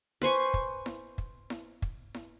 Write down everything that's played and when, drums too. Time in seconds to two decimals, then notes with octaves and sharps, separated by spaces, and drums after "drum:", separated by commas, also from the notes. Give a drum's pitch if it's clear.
0.22 B4 C5 G#5 C#6, drum: snare E4
0.54 drum: kick
0.86 drum: snare E4
1.18 drum: kick
1.50 drum: snare E4
1.82 drum: kick
2.14 drum: snare E4